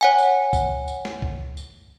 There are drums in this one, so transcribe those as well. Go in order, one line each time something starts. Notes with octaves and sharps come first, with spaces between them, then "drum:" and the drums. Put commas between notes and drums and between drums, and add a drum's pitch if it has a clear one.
C#5 F#5 G#5
drum: tambourine
drum: kick C2, tambourine
drum: tambourine
drum: snare
drum: kick C2
drum: tambourine